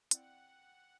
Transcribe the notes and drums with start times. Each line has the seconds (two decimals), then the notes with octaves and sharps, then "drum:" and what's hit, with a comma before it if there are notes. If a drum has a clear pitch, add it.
0.11 C4 E4 D5 F#5 G5, drum: hi-hat